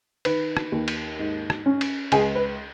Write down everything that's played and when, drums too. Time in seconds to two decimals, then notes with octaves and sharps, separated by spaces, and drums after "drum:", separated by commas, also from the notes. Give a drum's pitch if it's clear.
0.25 D#3 B4, drum: cymbal
0.57 drum: rim click
0.72 D#2
0.88 drum: cymbal
1.19 G#2
1.50 drum: rim click
1.66 C#4
1.81 drum: cymbal
2.12 C#2 G#4, drum: cymbal
2.35 B4